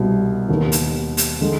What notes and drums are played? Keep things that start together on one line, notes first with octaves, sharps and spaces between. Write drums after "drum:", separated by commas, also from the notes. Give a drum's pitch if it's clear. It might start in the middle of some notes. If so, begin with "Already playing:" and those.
Already playing: C2 B2 G3
D#2 D#3 B3
drum: hi-hat
drum: hi-hat
D3 G#3